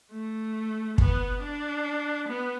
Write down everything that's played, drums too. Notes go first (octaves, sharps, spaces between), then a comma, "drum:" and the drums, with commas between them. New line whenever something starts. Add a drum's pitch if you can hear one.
A3
B3, drum: kick
D4
B3